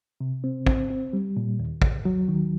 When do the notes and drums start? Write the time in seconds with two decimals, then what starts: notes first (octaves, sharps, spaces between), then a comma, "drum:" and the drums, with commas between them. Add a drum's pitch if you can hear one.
0.20 C3
0.44 C4
0.67 C4, drum: kick
0.91 C4
1.13 G3
1.37 A#2
1.59 D#2
1.82 D#2, drum: kick
2.05 F#3
2.28 D#3